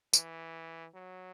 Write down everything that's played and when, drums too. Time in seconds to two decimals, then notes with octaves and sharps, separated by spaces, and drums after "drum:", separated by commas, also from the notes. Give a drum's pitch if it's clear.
0.13 E3, drum: tambourine
0.95 F#3